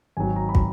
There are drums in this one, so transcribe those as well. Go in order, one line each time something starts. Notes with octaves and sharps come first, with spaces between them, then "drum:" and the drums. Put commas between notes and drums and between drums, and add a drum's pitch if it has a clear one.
G#1 G#2 F#3 G#5
A#5
B5
A#5, drum: kick